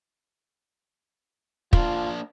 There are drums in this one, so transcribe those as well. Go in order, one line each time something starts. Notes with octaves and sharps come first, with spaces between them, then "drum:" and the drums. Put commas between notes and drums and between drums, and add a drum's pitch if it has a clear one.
A#3 D4 F4, drum: kick